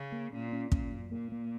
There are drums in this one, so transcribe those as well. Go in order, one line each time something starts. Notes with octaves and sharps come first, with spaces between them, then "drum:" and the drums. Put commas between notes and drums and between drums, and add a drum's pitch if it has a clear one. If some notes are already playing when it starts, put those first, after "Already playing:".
Already playing: C#3
A#3
A#2 C#4
C#4
A#2 C#4, drum: kick
F#2
A#2 A#3
A#3